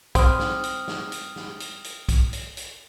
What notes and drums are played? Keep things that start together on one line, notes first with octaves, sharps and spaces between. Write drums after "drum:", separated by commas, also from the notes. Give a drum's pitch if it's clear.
C4 G5 D#6 F6, drum: kick, hi-hat
drum: snare
drum: hi-hat
drum: snare
drum: hi-hat
drum: snare
drum: hi-hat
drum: hi-hat
drum: kick, hi-hat
drum: hi-hat
drum: hi-hat